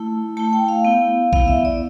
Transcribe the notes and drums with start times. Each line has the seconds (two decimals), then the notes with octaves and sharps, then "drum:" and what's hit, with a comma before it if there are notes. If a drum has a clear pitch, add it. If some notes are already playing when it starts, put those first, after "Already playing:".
Already playing: A3 E4 A5
0.37 A3 E4 A5
0.53 G5
0.68 F5
0.85 B3 E4
1.33 B3 E4 F5, drum: kick A#1
1.48 E5
1.65 D5